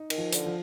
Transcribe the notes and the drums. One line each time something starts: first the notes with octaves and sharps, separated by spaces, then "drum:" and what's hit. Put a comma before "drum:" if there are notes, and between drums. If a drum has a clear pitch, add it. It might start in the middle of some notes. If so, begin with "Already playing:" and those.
Already playing: D#4
D#3, drum: cymbal
F3
D3, drum: hi-hat
F3